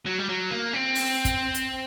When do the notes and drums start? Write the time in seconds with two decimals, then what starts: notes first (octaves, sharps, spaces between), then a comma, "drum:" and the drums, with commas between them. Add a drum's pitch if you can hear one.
0.06 F#3
0.19 G3
0.29 F#3
0.51 A#3
0.73 C4
0.95 drum: open hi-hat
1.25 drum: kick, hi-hat
1.54 drum: hi-hat